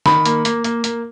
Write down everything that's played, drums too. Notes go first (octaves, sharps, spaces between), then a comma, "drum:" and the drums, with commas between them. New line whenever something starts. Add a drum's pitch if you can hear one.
D#3 B5, drum: snare
A#3, drum: hi-hat
A#3, drum: hi-hat
A#3, drum: hi-hat
A#3, drum: hi-hat